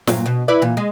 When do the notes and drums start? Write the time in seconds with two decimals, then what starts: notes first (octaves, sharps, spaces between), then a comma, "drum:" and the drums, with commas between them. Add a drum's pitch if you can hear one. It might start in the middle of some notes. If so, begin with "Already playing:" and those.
0.07 G2 A#2 F#3, drum: snare
0.26 B2
0.48 E4 B4 D5
0.62 A#2 E3
0.77 G#3